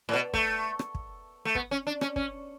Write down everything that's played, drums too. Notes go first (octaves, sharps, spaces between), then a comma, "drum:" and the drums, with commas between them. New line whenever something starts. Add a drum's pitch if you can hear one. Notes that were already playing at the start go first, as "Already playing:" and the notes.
A2
B2
A3, drum: kick
drum: rim click
drum: kick
A3
B3, drum: kick
C#4
D4
C#4, drum: rim click
C#4, drum: kick